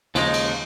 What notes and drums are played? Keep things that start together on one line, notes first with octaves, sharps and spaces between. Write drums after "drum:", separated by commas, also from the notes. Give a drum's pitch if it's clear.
D#2 C#3 F3 G#3 D#4, drum: cymbal
drum: cymbal